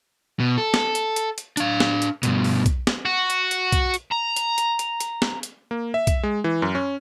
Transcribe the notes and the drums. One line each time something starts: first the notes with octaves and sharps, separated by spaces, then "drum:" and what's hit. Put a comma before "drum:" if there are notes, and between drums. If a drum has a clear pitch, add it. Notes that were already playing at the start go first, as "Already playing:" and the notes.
B2
A4
drum: snare
drum: hi-hat
drum: hi-hat
drum: hi-hat
D4 F5, drum: hi-hat
drum: snare
drum: hi-hat
G2 B2, drum: hi-hat
drum: open hi-hat
drum: kick B1, hi-hat
drum: snare
F#4
drum: hi-hat
drum: hi-hat
drum: kick B1, hi-hat
drum: hi-hat
A#5
drum: hi-hat
drum: hi-hat
drum: hi-hat
drum: hi-hat
drum: snare
drum: hi-hat
A#3
E5
drum: kick B1, hi-hat
G#3
E3
F#2
C#4